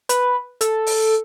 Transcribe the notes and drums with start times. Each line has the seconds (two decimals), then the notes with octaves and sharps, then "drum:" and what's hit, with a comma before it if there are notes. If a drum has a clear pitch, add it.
0.09 B4, drum: hi-hat
0.61 A4, drum: hi-hat
0.87 drum: open hi-hat